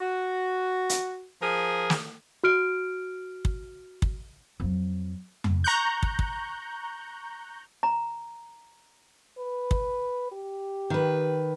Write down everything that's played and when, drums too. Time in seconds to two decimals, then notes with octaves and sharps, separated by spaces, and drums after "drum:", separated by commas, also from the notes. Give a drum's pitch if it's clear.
0.01 F#4
0.89 drum: hi-hat
1.41 F3 G#4 A#4
1.90 drum: snare
2.44 F#4 F6 D7
3.45 drum: kick
4.02 drum: kick
4.60 F2 F#3
5.44 drum: tom F2
5.64 A#5 C#6 F#6 G6
6.03 drum: kick
6.19 drum: kick
7.83 A#5
9.38 B4
9.71 drum: kick
10.32 G4
10.90 D#3 B4